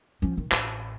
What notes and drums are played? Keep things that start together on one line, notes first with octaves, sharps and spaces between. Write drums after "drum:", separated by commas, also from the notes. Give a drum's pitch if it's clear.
F3 C#4
D#3
A1, drum: clap